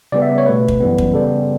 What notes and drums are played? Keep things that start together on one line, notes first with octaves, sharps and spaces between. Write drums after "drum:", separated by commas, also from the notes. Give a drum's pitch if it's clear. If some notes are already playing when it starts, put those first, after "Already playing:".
C#3 G3 B3 D5
E5
D5
C#5
B2 A3 B4
drum: kick
F#2 E3 G3 B3
drum: kick
C#3 G3 B3 A4